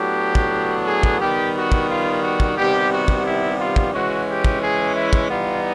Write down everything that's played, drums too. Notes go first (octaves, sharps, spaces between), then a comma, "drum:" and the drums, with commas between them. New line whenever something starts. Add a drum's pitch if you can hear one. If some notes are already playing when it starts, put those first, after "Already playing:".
Already playing: A2 F#3 B3 D4 G4
drum: kick
G#4
drum: kick
D#3 G3 B3 G4
F#4
drum: kick
F4
F#4
drum: kick
C3 D#3 G3 B3 G4
F#4
drum: kick
E4
F4
drum: kick
E3 G#3 C#4 F#4
G4
drum: kick
G#4
E4
drum: kick
E3 G3 B3 D#4 F4